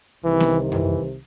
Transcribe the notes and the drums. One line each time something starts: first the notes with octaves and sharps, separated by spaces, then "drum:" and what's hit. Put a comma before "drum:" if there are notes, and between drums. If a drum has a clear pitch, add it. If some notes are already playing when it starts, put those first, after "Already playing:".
C2 C3 D#3 E3
drum: snare B3
E3, drum: tom F#2